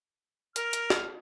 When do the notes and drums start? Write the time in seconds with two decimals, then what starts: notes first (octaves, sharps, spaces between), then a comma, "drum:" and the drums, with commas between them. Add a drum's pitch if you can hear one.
0.56 A#4 F6, drum: hi-hat
0.73 drum: hi-hat
0.90 drum: snare